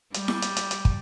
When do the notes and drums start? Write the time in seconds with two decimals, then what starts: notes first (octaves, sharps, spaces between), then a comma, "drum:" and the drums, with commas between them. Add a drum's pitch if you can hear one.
0.14 G3, drum: hi-hat
0.28 drum: snare E4
0.42 drum: hi-hat
0.57 drum: hi-hat
0.71 drum: hi-hat
0.85 drum: kick